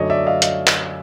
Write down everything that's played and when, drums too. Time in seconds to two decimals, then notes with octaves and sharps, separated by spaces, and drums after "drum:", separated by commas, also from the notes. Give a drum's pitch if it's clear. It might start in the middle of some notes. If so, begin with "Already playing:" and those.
Already playing: F#2 D3 F#3 A3 C#5 D#5
0.10 D5 E5
0.26 D#5 F5
0.42 D#5 F5, drum: hi-hat
0.67 drum: clap